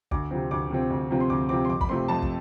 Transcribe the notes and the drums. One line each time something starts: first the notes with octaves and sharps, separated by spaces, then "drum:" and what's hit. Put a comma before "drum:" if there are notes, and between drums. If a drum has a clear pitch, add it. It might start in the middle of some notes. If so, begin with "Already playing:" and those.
D2 D6, drum: kick
C3 F3 C4
D2 D6
C3 F3 C4
D2
C3 F3 C4
C6
D2 D6
C3 F3 C4 D6
C6
F2 D6
B5, drum: kick
C3 F3 A3 C4 C6
F2 A5
drum: kick